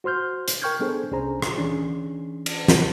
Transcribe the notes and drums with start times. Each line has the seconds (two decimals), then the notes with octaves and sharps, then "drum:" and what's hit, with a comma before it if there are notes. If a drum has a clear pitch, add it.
0.04 F#4 C5 C6 F6 G6
0.48 drum: hi-hat
0.62 A#4 G5 C#6 F6 G6 G#6
0.80 B3 D4 G#4 A4 C5
1.11 C2 C#4 D4 G#4 C5 A#5
1.42 drum: rim click
1.56 E3 C#4 D4 G#4
2.46 drum: cymbal
2.68 drum: snare